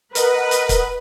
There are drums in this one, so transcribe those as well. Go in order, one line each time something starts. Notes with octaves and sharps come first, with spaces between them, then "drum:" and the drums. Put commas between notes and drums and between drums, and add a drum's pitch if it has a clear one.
A#4 B4 D#5 F#5, drum: hi-hat
drum: hi-hat
drum: kick C#1, hi-hat